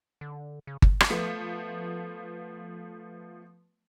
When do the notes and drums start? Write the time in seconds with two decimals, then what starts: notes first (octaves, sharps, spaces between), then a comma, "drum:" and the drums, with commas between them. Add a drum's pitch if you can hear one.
0.21 D3
0.67 C#3
0.82 drum: kick G1
1.00 drum: rim click
1.10 F3 A3 B3